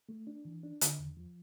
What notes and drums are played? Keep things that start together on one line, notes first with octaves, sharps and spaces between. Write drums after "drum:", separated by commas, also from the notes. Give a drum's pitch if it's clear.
A3
D4
E3
D4
D3, drum: hi-hat
E2
F3